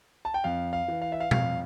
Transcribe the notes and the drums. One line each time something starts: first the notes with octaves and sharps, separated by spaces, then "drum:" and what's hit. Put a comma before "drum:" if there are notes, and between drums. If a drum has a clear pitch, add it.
A5
G5
F2 F5
F5
E3
F5
E5
F5
F2 F5, drum: tom B2